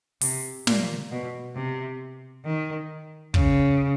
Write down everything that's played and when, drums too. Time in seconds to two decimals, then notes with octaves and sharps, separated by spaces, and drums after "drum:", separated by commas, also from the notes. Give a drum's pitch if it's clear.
0.21 C3, drum: open hi-hat
0.67 A#2, drum: snare
1.11 B2
1.55 C3
2.45 D#3
3.34 C#3, drum: kick